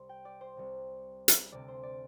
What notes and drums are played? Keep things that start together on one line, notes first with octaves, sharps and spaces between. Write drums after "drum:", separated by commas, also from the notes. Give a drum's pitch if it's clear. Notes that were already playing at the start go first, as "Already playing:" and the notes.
Already playing: C2 C3 C6
G5
D5
C5
C2 C3
drum: hi-hat
D2 C3 D5
C5
D5